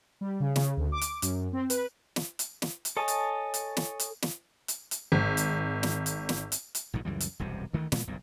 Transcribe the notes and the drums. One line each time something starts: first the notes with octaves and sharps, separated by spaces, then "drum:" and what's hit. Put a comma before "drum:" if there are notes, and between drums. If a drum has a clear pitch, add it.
G3
C#3
C#3, drum: snare
D2
D6
drum: hi-hat
F#2, drum: hi-hat
C4
B4, drum: hi-hat
drum: snare
drum: hi-hat
drum: snare
drum: hi-hat
A4 C#5 D#5 G#5 A5
drum: hi-hat
drum: hi-hat
drum: snare
drum: hi-hat
drum: snare
drum: hi-hat
drum: hi-hat
G#1
drum: hi-hat
drum: snare
drum: hi-hat
drum: snare
drum: hi-hat
drum: hi-hat
A#1 G#2 B2 D#3
C#2 F#2 E3 G3
drum: hi-hat
E1 C2 F#2 C3
D2 D#3 E3 A3
A#2 G#3 B3, drum: snare
F#1 B1 G2 A#2